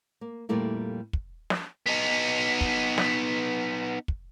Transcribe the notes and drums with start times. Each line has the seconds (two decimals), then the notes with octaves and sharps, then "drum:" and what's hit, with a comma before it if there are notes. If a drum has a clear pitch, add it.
0.21 A#3
0.49 F2 A#2 G3 A3 A#3 E4
1.13 drum: kick
1.50 drum: snare
1.87 B3 D#4
2.61 drum: kick
2.98 drum: snare
4.08 drum: kick